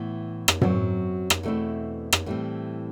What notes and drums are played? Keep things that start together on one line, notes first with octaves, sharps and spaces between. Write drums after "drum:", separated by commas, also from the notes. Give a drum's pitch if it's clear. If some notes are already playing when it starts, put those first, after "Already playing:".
Already playing: A2 E3 B3
drum: rim click
F#2 F#3 C4, drum: tom
drum: rim click
E2 B2 A3 C4 E4
drum: rim click
A2 E3 G3 C4